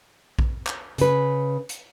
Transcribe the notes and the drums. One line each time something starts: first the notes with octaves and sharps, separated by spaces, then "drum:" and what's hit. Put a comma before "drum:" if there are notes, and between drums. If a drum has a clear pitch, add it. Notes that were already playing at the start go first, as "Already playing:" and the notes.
drum: kick A#1
drum: clap
C#3 B4, drum: hi-hat
drum: hi-hat